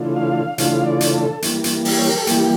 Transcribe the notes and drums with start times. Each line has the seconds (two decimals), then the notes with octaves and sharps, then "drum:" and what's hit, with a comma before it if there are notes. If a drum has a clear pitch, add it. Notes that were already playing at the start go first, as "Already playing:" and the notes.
Already playing: C#3 E3 A3 D4 F4
0.16 F5
0.58 C#3 E3 A3 D4 F4 F5, drum: hi-hat
0.86 D5
1.01 drum: hi-hat
1.14 A4
1.42 E3 G3 A#3, drum: hi-hat
1.64 drum: hi-hat
1.85 G4, drum: open hi-hat
1.99 C#5
2.09 A#4
2.17 A4
2.27 E3 G3 A#3 G4, drum: hi-hat